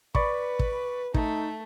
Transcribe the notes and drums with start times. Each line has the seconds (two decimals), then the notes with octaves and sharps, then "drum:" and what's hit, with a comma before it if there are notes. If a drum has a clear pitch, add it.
0.15 B4 D5 B5 C#6, drum: kick
0.59 drum: kick
1.14 A3 D#4, drum: kick